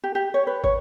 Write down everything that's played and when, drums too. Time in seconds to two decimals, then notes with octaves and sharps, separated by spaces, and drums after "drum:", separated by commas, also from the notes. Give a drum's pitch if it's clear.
0.04 G4
0.15 G4
0.34 C#5
0.47 B4
0.64 C#5, drum: kick